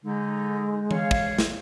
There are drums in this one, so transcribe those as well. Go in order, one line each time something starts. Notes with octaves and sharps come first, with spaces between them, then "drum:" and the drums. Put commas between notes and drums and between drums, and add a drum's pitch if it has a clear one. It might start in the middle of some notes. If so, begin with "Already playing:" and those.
D3 G#3 D#4
C#5 F5, drum: tom E3
drum: kick
drum: snare